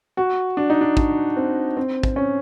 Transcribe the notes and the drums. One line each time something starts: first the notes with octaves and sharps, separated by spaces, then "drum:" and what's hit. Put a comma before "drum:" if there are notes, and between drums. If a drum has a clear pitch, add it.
F#4
D4
D#4
D4
D4, drum: kick
C4
C4
drum: kick
C#4